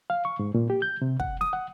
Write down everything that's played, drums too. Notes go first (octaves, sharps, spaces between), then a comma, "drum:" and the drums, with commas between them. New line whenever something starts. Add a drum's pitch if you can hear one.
F5
C#6
G#2
A#2
G4
G6
C3
F#5, drum: kick
D#6, drum: snare
F#5